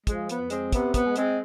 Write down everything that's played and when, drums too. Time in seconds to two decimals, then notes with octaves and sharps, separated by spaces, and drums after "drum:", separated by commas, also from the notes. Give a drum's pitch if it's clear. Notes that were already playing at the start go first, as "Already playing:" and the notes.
0.07 F3 G#3, drum: kick, hi-hat
0.29 B3, drum: hi-hat
0.40 F2
0.50 G#3 C4, drum: hi-hat
0.72 C3 B3, drum: kick, hi-hat
0.94 B3, drum: kick, hi-hat
1.05 G#3
1.16 G#3 C4, drum: hi-hat